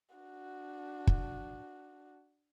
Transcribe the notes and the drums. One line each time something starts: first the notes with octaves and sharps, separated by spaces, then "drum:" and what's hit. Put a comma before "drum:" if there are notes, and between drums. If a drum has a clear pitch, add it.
D4 F#4
drum: kick